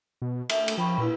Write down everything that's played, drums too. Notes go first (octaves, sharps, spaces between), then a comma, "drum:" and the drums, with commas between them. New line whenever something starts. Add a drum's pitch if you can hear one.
B2
A3 E5, drum: cymbal
drum: cymbal
F3 G5 B5 C#6
A#2 E4 B4